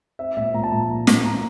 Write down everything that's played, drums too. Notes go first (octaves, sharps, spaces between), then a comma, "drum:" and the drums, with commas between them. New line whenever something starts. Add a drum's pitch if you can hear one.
C4 E5
A#2 E5
A#2 A#5
A5
A#2 A#5
A#2
A#2, drum: snare
A#2 A#5